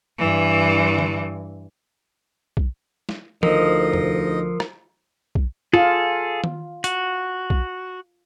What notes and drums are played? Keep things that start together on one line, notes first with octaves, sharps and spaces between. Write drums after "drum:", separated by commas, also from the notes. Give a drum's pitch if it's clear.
G2 E3
drum: tom D3
drum: kick
drum: snare
D2 F3 D#4 A#4 D#5, drum: tom D#3
drum: tom
drum: rim click
drum: kick
F4 G#4 A4
drum: tom D#3
F#4, drum: hi-hat
drum: kick